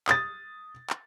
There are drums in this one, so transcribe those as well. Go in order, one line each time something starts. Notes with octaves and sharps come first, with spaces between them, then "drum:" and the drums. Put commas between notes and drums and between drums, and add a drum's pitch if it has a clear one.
D#6 A6, drum: clap
drum: clap